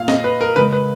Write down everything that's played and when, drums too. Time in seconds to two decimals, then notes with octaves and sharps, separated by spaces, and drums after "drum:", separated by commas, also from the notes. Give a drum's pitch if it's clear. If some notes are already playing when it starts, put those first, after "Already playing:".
Already playing: A#2 F5
0.08 D#5, drum: snare
0.24 B4
0.41 A#4
0.56 C#3 G#3 B4
0.73 B4